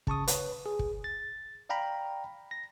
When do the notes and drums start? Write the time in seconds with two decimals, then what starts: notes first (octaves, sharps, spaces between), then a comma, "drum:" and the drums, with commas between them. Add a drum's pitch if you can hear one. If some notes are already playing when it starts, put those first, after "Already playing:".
0.07 C#3 A5 C#6 D#6, drum: kick
0.28 B4 C#5, drum: hi-hat
0.66 G#4
0.79 drum: kick
1.04 A6
1.69 D5 F5 G5 A#5 B5
2.51 A#6